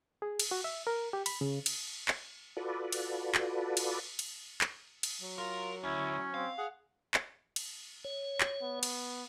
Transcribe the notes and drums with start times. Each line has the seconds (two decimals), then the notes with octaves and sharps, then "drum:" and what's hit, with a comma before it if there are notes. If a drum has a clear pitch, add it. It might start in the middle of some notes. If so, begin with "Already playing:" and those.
0.22 G#4
0.40 drum: cymbal
0.51 F#4
0.64 E5
0.87 A#4
1.13 G4
1.26 B5, drum: cymbal
1.41 C#3
1.66 drum: cymbal
2.08 drum: clap
2.57 F4 F#4 A4 B4 D5
2.92 drum: cymbal
3.35 drum: clap
3.77 drum: cymbal
4.19 drum: cymbal
4.61 drum: clap
5.03 drum: cymbal
5.21 F#3
5.38 F4 A#4
5.84 D2 C#4 E4
6.34 C4 F5
6.58 G#4 F#5
7.14 drum: clap
7.56 drum: cymbal
8.04 C#5
8.41 drum: clap
8.62 B3
8.83 drum: cymbal